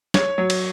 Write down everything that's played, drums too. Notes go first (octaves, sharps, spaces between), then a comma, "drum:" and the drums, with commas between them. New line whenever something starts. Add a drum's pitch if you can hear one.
C#5, drum: snare
F#3
drum: cymbal